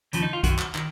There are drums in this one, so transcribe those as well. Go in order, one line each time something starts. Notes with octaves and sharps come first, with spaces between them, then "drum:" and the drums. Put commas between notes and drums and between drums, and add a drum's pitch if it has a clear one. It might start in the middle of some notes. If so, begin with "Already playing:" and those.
D#2 C#3 F3, drum: hi-hat
D#4
F4
F#2 D#3 F#4, drum: kick, hi-hat
drum: clap
D#3, drum: clap